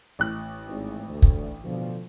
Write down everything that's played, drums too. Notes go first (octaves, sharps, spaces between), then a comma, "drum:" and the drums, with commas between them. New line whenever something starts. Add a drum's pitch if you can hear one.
A1 F#6
G#1
D2
drum: kick
B2 D3 F3